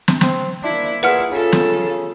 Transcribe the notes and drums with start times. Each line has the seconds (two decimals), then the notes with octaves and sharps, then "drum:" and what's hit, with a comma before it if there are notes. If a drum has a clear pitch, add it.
0.08 drum: snare
0.21 C4, drum: snare
0.63 A#3 D4 E4
1.03 A#2 E4 G#4 B4 F#5 F6
1.32 C#3 F4 A4
1.52 drum: snare